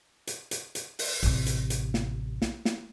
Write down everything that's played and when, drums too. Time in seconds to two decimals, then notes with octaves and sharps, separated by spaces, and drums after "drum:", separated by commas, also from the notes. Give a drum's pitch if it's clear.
0.27 drum: hi-hat
0.51 drum: hi-hat
0.75 drum: hi-hat
0.99 drum: open hi-hat
1.23 A1 C3, drum: hi-hat
1.46 drum: hi-hat
1.70 drum: hi-hat
1.94 drum: snare
2.42 drum: snare
2.65 drum: snare